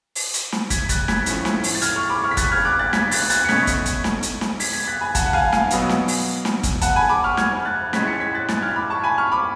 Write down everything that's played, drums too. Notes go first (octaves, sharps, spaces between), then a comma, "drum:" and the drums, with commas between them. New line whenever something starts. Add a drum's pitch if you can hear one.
drum: open hi-hat
drum: hi-hat
drum: snare
G#6 B6, drum: kick, hi-hat
F#6 A6, drum: kick, hi-hat
G#6 B6, drum: snare
A2 F3 A3 C#4, drum: hi-hat
drum: snare
drum: open hi-hat
A6
F6 G#6, drum: hi-hat
C#6 F6
B5 D6
C#6 F6
B6
F#6 A6, drum: kick, hi-hat
F6 G#6
D6 F#6
F#6 A6
G#6 B6, drum: snare
F#6 A6, drum: open hi-hat
F#6 A6, drum: hi-hat
C#7
B2 A3 C#4 G#6 B6, drum: snare
drum: kick, hi-hat
drum: kick, hi-hat
drum: snare
drum: hi-hat
drum: snare
G#6 B6, drum: open hi-hat
G#6 B6
F#6 A6
G#5 B5
F#5 A5, drum: kick, hi-hat
F#5
F5 G#5, drum: kick
F5 G#5, drum: snare
B2 F#3 B3, drum: hi-hat
drum: snare
drum: open hi-hat
drum: snare
drum: kick, hi-hat
F#5 A5, drum: kick, hi-hat
G#5 B5
B5 D6
C#6 F6
F6 G#6, drum: snare
F#6 A6
A2 G#3 C#4 G#6 B6, drum: snare
A6 C#7
G#6 B6
F#6 A6
F#6 A6, drum: snare
F6 G#6
B5 D6
A5 C#6
G#5 B5
C#6 F6
B5 D6